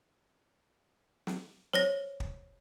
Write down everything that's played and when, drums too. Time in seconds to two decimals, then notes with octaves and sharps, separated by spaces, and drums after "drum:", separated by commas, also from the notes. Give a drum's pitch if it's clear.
1.27 drum: snare
1.73 C5 C#5 A#6, drum: snare
2.20 drum: kick